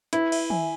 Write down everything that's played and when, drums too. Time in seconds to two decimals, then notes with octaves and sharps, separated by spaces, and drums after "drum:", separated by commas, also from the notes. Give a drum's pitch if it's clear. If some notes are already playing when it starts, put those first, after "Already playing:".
0.13 E4 B4, drum: hi-hat
0.32 E5, drum: cymbal
0.50 G#5, drum: tom